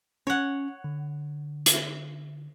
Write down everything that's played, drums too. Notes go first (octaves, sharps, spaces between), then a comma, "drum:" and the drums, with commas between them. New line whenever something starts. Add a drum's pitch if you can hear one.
C#4 C#5 F#5
D3
drum: hi-hat